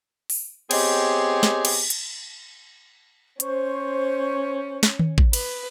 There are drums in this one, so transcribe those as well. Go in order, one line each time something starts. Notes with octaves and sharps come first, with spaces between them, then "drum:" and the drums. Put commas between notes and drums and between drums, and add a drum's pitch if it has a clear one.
drum: open hi-hat
B3 C4 G4 G#4 C#5 D#5, drum: cymbal
drum: snare
drum: cymbal
drum: hi-hat
C#4 C5 C#6, drum: hi-hat
drum: snare
drum: tom D#3
drum: kick
B4, drum: cymbal